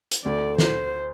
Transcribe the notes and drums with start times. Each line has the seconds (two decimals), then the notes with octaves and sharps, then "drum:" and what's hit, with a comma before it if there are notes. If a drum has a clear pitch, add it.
0.11 drum: hi-hat
0.24 D2 D3 A3 D5
0.58 C5, drum: snare